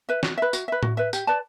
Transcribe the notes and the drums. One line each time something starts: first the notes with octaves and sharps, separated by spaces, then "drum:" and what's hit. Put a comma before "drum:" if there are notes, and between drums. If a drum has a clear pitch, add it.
B4 E5
F#4, drum: snare
B4 E5
F#4, drum: tambourine
B4 E5
F#4, drum: tom A2
B4 E5
G4, drum: tambourine
B4 D5 A5